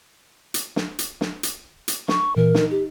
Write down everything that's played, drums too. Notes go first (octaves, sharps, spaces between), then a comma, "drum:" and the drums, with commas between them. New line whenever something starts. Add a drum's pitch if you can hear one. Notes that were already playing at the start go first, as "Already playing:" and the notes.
drum: hi-hat
drum: snare
drum: hi-hat
drum: snare
drum: hi-hat
drum: hi-hat
C#6, drum: snare
A#2 E3 A#4
D#4, drum: snare
G4